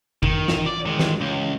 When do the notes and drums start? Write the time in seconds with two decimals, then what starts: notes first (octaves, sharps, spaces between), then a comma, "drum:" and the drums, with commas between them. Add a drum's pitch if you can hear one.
0.23 D#3, drum: kick G1
0.48 drum: snare
0.66 D5
0.86 D#3 G#3
0.99 drum: snare
1.21 C#2